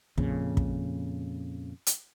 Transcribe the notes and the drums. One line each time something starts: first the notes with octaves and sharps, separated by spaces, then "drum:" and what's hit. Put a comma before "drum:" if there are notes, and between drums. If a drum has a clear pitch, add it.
F2 A#2 C#3, drum: kick
drum: kick
drum: hi-hat